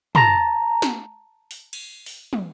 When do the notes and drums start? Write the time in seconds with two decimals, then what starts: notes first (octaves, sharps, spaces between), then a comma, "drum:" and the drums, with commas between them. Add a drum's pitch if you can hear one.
0.15 A5 A#5, drum: tom
0.82 drum: snare
1.51 drum: open hi-hat
1.73 drum: cymbal
2.06 drum: open hi-hat
2.33 drum: tom